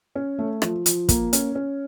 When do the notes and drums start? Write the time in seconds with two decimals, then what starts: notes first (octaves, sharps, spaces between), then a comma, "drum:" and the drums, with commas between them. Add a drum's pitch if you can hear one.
0.15 C#4
0.39 A3
0.62 F3, drum: rim click
0.86 F3, drum: hi-hat
1.09 A#3, drum: kick, hi-hat
1.33 C#4, drum: hi-hat
1.55 C#4